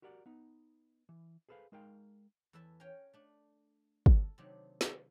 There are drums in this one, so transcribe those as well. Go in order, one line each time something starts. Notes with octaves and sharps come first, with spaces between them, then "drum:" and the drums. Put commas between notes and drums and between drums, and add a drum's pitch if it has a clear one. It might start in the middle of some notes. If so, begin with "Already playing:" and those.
F#4 G4 A#4 D5 F#5
B3 D#4
E3
G#4 A4 B4 C5 F5
G#3 D#4 A#4 F5 G5
E2 E3 A4 B4 E5 A5
C#4 A#4 C#5 F5 G5
A3 D4
A4, drum: kick
C3 D#3 F#3 A3 D4
drum: snare